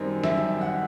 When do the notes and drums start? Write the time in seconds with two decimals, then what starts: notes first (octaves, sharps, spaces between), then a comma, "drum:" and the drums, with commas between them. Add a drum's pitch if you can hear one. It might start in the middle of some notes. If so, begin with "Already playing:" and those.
Already playing: F#2 D#3 G3 C4 D#4
0.24 E5, drum: snare
0.61 F#5